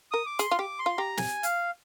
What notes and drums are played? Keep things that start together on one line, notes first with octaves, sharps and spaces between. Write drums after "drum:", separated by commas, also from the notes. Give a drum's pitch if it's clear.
A#4 D#6
D6
G#4 C6, drum: hi-hat
F4
G4 D6
C6
F4
G4 A#5
G#5, drum: snare
F5, drum: hi-hat